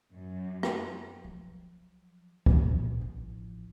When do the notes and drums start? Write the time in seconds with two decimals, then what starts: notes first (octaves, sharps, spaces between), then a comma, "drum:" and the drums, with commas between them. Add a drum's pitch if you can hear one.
0.12 F#2
0.63 drum: rim click
1.24 F3 F#3
2.46 drum: kick
2.59 A#1 A#2
3.00 A1 F3